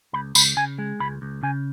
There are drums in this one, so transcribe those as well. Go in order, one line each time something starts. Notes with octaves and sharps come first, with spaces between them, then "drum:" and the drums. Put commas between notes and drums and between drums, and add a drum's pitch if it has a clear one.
C#2 B5
C#2 B5, drum: tambourine
C#3 G#5
G#3
C#2 B5
C#2
C#3 G#5